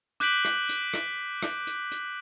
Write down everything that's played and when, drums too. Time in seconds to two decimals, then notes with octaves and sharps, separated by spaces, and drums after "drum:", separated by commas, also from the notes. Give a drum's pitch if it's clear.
0.20 D6 F#6 G6 B6 D7 F#7, drum: hi-hat
0.45 drum: rim click
0.69 drum: hi-hat
0.94 drum: rim click
1.43 drum: rim click
1.67 drum: hi-hat
1.91 drum: hi-hat